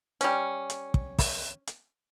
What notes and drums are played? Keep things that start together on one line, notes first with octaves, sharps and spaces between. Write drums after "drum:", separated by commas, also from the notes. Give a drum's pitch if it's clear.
G3 C#4, drum: hi-hat
drum: hi-hat
drum: kick
drum: kick, open hi-hat
drum: hi-hat